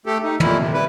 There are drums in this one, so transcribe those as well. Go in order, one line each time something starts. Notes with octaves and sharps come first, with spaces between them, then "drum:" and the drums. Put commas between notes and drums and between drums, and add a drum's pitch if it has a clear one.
A3 G4 A4
D#4
F2 A#2 E4, drum: tom
C3
G3 E4 B4